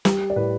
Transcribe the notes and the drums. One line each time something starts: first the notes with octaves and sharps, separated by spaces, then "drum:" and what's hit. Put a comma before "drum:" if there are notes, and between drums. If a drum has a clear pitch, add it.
G3 G4, drum: snare
D5
A2 B4